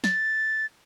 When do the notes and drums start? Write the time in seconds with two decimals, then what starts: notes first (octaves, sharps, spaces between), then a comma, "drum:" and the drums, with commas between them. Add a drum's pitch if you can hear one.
0.04 A6, drum: snare